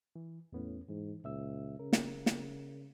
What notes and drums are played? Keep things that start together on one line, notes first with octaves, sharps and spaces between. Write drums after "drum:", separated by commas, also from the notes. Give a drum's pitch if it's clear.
E3
E2 A2 B3 C#4
G#2 E3
C#2 A#2 E5 E6
C#3 A#4
drum: snare
drum: snare